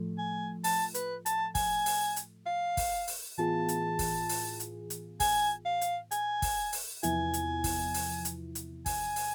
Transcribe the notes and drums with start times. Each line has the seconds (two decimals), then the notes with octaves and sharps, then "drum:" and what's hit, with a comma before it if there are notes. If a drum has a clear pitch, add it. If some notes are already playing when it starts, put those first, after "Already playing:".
Already playing: A2 F3 A3
0.19 G#5
0.64 A5, drum: open hi-hat
0.94 B4, drum: hi-hat
1.26 A5, drum: hi-hat
1.55 G#5, drum: kick, open hi-hat
1.86 drum: open hi-hat
2.16 drum: hi-hat
2.46 F5
2.77 drum: kick, open hi-hat
3.08 drum: open hi-hat
3.38 A2 E3 B3 F4 G#4 A5
3.68 drum: hi-hat
3.99 drum: kick, open hi-hat
4.29 drum: open hi-hat
4.60 drum: hi-hat
4.90 drum: hi-hat
5.20 G#5, drum: kick, open hi-hat
5.66 F5
5.81 drum: hi-hat
6.11 G#5, drum: hi-hat
6.42 drum: kick, open hi-hat
6.73 drum: open hi-hat
7.03 E2 C3 F3 B3 E4 G#5, drum: hi-hat
7.34 drum: hi-hat
7.64 drum: kick, open hi-hat
7.94 drum: open hi-hat
8.25 drum: hi-hat
8.55 drum: hi-hat
8.86 G#5, drum: kick, open hi-hat
9.16 drum: open hi-hat